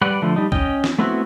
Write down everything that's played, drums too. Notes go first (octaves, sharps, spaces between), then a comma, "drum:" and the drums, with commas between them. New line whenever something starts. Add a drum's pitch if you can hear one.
G3 B4 D5 F#5
D3 F3 A3
G3 D#4
C#4 D#5 G5, drum: kick
drum: snare
A3 B3 C4 E4 F#4